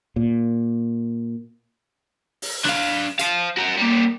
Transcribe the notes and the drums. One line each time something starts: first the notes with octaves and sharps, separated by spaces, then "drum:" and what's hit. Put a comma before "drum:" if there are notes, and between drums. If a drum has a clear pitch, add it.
A#2
drum: open hi-hat
D4 F5, drum: rim click
C5 F5, drum: hi-hat
F#4 A#4
G3 A#3